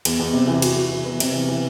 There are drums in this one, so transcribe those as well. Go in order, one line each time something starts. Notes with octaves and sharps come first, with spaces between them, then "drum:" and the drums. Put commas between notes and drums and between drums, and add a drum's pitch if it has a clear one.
E2, drum: cymbal
E2
C3
E3
F#4, drum: cymbal
F#4
E3
B3
C3, drum: cymbal
E3
E3